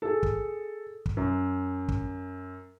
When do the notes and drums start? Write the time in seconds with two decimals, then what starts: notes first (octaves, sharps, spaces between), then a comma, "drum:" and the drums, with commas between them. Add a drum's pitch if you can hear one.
0.02 G#4 A4
0.23 drum: kick
1.06 drum: kick
1.17 F#2
1.88 drum: kick